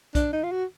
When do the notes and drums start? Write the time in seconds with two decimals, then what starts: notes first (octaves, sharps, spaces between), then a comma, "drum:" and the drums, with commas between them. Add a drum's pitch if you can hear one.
0.15 D4, drum: kick B1, hi-hat
0.33 D#4
0.43 F4
0.52 F#4